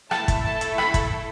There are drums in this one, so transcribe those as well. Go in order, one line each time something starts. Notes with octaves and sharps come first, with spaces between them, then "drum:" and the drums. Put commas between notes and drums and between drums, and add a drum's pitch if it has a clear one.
A3 E4 A4 A5, drum: rim click
drum: kick, hi-hat
A5
drum: hi-hat
B5, drum: rim click
drum: kick, hi-hat